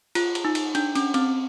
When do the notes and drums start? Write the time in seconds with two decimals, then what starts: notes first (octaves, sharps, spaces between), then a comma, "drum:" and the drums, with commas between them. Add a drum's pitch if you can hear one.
0.15 F4, drum: cymbal
0.35 drum: cymbal
0.45 D#4
0.55 drum: cymbal
0.75 D4, drum: cymbal
0.95 C#4, drum: cymbal
1.14 C4, drum: cymbal